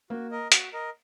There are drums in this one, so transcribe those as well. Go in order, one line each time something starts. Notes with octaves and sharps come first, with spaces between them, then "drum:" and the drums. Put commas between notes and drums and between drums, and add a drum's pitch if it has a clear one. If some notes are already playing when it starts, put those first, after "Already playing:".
A#3 F#4
A#4 D#5
F#4, drum: hi-hat
A#4 D#5